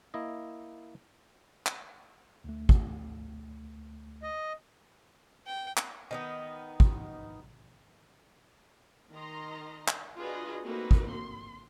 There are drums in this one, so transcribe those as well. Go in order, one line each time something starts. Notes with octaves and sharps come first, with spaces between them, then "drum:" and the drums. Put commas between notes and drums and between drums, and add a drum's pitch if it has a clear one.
A#3 E4 D#5
drum: clap
D2 A3
drum: kick
D#5
G5
drum: clap
D#3 B3 D#4
drum: kick
D#3 D#5 A#5 C6
drum: clap
D4 F4 F#4 G#4 B4 D#5
A3 A#3 C4 D#4 F#4 B4
drum: kick
C6